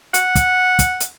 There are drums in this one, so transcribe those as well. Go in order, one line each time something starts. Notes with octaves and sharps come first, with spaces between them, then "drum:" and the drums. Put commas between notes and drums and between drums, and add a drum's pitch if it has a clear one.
F#5, drum: hi-hat
drum: kick, hi-hat
drum: kick, hi-hat
drum: hi-hat